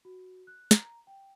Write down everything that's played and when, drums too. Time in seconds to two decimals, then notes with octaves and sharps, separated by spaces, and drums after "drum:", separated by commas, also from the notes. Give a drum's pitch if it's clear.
0.05 F#4
0.47 F#6
0.71 A#5, drum: snare
1.07 G5